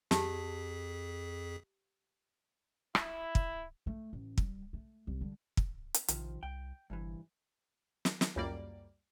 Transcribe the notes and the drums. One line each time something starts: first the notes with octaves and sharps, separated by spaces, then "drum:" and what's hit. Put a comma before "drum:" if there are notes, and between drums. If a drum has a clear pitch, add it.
F2 G4 G#4 A5 B6, drum: snare
E4, drum: rim click
drum: kick
A3
A1
G3, drum: kick
A3
C2
D3 G3
drum: kick
drum: hi-hat
A#1 C3 D#3 F3, drum: hi-hat
C2 G5
G1 C2 G2 E3
drum: snare
drum: snare
C#2 F#2 G3 A#3 D5